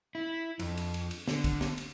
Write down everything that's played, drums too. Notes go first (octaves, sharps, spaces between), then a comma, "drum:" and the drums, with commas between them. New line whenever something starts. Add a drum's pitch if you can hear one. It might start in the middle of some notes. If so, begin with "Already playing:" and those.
E4
F2, drum: cymbal
drum: cymbal
drum: cymbal
drum: cymbal
D3, drum: snare
drum: kick, cymbal
drum: snare
drum: cymbal